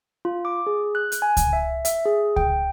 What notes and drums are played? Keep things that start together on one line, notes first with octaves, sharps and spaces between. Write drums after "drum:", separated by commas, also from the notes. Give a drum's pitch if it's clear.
F4
D6
G#4
F#6
drum: hi-hat
G#5
drum: kick C#2, hi-hat
E5
E5, drum: hi-hat
G#4
G5, drum: kick C#2